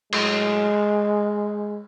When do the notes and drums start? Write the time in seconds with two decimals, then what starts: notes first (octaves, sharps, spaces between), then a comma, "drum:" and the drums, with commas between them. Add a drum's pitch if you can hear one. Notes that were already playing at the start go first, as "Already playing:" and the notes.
0.13 A2 F#3 G#3, drum: cymbal